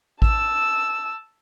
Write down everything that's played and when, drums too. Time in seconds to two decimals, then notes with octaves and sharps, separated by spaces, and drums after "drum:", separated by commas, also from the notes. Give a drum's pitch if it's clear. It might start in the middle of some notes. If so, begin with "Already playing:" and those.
0.22 A5 E6, drum: kick A1